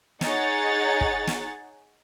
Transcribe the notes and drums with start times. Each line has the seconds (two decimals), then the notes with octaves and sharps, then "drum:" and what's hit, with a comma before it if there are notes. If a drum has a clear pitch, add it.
0.21 D#4 G#4 C#5 F#5 A6, drum: snare
1.01 drum: kick
1.27 drum: snare